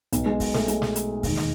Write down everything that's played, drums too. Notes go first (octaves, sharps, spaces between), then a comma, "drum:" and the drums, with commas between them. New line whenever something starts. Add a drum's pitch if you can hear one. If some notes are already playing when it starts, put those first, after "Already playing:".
B1 B2, drum: hi-hat
G#3
drum: kick, open hi-hat
A3, drum: snare
G#3, drum: hi-hat
drum: snare
drum: hi-hat
E1 D#2 D#3, drum: kick, open hi-hat
drum: snare